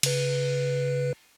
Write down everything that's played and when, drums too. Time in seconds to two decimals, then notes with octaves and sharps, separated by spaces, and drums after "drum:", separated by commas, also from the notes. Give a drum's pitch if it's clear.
0.03 C#3 B4, drum: cymbal